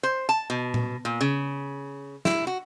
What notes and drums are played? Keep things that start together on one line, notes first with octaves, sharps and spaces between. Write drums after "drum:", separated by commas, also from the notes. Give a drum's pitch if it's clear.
C5
A5
B2
drum: tom A#2
A#2
C#3
E4, drum: snare
F#4